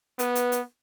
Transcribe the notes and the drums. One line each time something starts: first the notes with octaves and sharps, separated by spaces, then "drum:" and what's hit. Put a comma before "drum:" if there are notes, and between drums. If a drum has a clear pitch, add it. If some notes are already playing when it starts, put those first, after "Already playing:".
B3 B4, drum: hi-hat
drum: hi-hat
drum: hi-hat